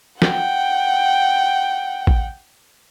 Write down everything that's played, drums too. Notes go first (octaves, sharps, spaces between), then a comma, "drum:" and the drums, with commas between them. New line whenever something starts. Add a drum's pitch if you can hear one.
F#5 G5, drum: snare
drum: kick A1